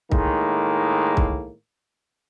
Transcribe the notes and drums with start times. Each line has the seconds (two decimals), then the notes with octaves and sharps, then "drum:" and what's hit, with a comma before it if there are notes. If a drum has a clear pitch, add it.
0.12 A2 D#3 G#3 A#3, drum: kick
1.17 drum: kick